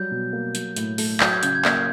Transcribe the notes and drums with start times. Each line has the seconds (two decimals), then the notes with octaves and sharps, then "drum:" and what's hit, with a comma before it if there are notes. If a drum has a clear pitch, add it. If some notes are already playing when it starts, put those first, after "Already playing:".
Already playing: F#3 G3 G6
0.11 B2
0.33 A#3
0.55 F#3, drum: hi-hat
0.76 A2, drum: hi-hat
0.98 A3, drum: open hi-hat
1.20 F#3 G6, drum: clap
1.32 G#6
1.43 C#3 G6, drum: hi-hat
1.55 G#6
1.65 A#3 G6, drum: clap